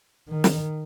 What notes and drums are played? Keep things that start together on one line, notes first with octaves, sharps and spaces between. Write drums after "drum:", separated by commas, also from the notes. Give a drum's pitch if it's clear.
D#3
drum: snare